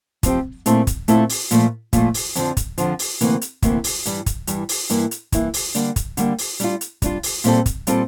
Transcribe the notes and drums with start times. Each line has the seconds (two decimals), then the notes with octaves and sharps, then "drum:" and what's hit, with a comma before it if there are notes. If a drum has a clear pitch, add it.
0.23 F3 C4 G4, drum: kick, hi-hat
0.66 A#2 A3 C4 E4 A4, drum: hi-hat
0.87 drum: kick, hi-hat
1.08 A#2 A3 C4 E4 A4, drum: hi-hat
1.29 drum: open hi-hat
1.51 A#2 F3 A3, drum: hi-hat
1.93 A#2 F3 A3, drum: kick, hi-hat
2.14 drum: open hi-hat
2.35 F2 D3 F3, drum: hi-hat
2.57 drum: kick, hi-hat
2.78 F2 D3 F3, drum: hi-hat
2.99 drum: open hi-hat
3.21 D2 C3 E3 A#3, drum: hi-hat
3.41 drum: hi-hat
3.62 D2 C3 E3 A#3, drum: kick, hi-hat
3.84 drum: open hi-hat
4.05 G2 E3 G3, drum: hi-hat
4.26 drum: kick, hi-hat
4.47 G2 E3 G3, drum: hi-hat
4.69 drum: open hi-hat
4.90 G2 E3 A#3 E4, drum: hi-hat
5.11 drum: hi-hat
5.32 G2 E3 A#3 E4, drum: kick, hi-hat
5.54 drum: open hi-hat
5.75 D3 G3 A#3 D4, drum: hi-hat
5.96 drum: kick, hi-hat
6.17 D3 G3 A#3 D4, drum: hi-hat
6.38 drum: open hi-hat
6.60 G3 D4 F4, drum: hi-hat
6.81 drum: hi-hat
7.02 G3 D4 F4, drum: kick, hi-hat
7.23 drum: open hi-hat
7.44 A#2 G3 C4 F4 A4, drum: hi-hat
7.66 drum: kick, hi-hat
7.87 A#2 G3 C4 F4 A4, drum: hi-hat